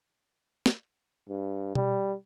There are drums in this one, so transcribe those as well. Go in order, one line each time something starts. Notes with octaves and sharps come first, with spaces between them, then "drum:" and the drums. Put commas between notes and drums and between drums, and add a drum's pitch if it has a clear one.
drum: snare
G2
G3, drum: tom B2